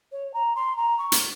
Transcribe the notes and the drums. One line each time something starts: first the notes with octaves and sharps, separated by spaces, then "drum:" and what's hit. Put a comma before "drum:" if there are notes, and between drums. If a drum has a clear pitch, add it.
C#5
A#5
C6
A#5
C#6
drum: hi-hat